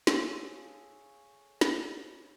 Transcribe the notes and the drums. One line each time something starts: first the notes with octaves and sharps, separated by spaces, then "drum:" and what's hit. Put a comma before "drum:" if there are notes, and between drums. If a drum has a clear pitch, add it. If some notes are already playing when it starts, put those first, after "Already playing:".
G#4 A4 C#5 F5, drum: snare
drum: snare